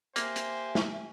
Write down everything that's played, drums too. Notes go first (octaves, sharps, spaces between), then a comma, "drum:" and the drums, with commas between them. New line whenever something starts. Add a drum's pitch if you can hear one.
A#3 G4 C5 E5 G#5, drum: hi-hat
drum: hi-hat
drum: snare